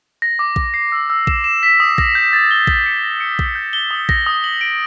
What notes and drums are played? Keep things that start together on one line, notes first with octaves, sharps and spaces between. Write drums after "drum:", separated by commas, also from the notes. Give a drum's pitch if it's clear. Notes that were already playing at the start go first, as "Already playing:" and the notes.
A#6
D6
D6, drum: kick A#1
C7
E6
E6
E7, drum: kick A#1
E7
B6
D#6
A#6, drum: kick A#1
G6
A6
G7
A6, drum: kick A#1
C#7
A#6
C#7
G7, drum: kick A#1
G6
G7
D#6
A#6, drum: kick A#1
D#6
F#7
D7